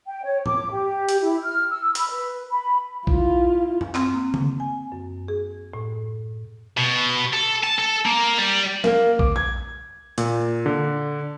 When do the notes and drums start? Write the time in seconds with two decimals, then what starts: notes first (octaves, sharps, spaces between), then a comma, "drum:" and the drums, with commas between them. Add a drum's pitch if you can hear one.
0.07 G5
0.23 C#5
0.46 D6, drum: tom A2
0.71 G4
1.09 drum: hi-hat
1.22 E4
1.43 F6
1.69 E6
1.95 B5, drum: hi-hat
2.10 B4
2.50 B5
3.07 E4 F4, drum: kick A#1
3.81 drum: tom F#2
3.95 C4, drum: clap
4.14 A#3
4.34 drum: tom C#3
4.60 G#5
4.92 F#2
5.28 G#4
5.74 A2
6.77 B2
7.33 A4
7.64 A5
7.79 A4
8.06 A#3
8.38 G3
8.84 A#3, drum: snare
9.19 D6, drum: kick A#1
9.36 G#6
10.18 A#2, drum: hi-hat
10.66 D3